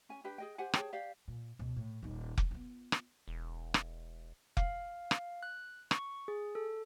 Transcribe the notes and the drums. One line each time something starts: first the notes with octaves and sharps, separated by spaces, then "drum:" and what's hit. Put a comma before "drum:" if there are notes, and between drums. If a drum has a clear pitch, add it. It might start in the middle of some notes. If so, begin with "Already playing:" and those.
C#4 G#5
D4 G4 B4 G5
G#4 D#5 G5
G4 C5 F#5 G#5
G#4 C#5 G5 A5, drum: rim click
G4 D5 F5
A#2
C#2 B2
A2
D#1 D#4
drum: kick F1
B3 F4
drum: rim click
E1
drum: rim click
F5, drum: kick F1
drum: rim click
F#6
C#6, drum: rim click
G#4
A4